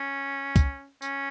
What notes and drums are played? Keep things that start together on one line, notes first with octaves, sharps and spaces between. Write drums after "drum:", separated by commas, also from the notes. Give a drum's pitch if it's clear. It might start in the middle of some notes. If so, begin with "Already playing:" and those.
Already playing: C#4
drum: kick C#2, tambourine
C#4, drum: tambourine